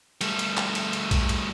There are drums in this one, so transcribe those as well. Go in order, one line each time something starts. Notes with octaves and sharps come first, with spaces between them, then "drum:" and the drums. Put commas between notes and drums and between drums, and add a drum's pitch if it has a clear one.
G3 A3, drum: cymbal
drum: cymbal
drum: clap
drum: cymbal
drum: cymbal
drum: kick A#1, cymbal
drum: cymbal